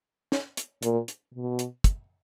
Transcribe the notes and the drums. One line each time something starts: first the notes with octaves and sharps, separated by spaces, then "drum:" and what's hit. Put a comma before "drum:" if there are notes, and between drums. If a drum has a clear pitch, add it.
drum: snare
drum: hi-hat
A#2, drum: hi-hat
drum: hi-hat
B2
drum: hi-hat
drum: kick, hi-hat